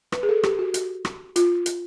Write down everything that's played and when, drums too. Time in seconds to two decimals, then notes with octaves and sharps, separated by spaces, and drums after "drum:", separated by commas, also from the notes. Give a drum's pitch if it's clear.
0.12 B4, drum: rim click
0.23 G#4
0.29 A4
0.43 G4, drum: rim click
0.59 F#4
0.74 F#4, drum: hi-hat
1.05 drum: rim click
1.36 F4, drum: hi-hat
1.66 drum: hi-hat